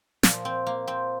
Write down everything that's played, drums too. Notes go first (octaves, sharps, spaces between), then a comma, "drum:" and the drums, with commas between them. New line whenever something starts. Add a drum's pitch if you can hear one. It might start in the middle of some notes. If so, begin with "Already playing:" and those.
A#2 F3, drum: snare
C4
A#3
C4